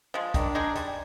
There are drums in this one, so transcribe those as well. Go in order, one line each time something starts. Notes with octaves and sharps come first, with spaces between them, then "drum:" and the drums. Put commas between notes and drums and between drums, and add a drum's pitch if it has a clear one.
F3 G#3
D#3 D4, drum: kick B1, hi-hat
G#3 D#4 G#4
G3, drum: hi-hat